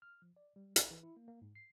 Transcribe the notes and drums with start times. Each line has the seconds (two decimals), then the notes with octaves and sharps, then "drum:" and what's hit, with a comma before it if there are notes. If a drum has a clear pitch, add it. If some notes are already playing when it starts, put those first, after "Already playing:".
0.02 F6
0.22 F3
0.36 D5
0.56 G3
0.76 A#1, drum: hi-hat
0.91 E3
1.03 E4
1.17 A#3
1.28 A#3
1.42 G#2
1.55 C7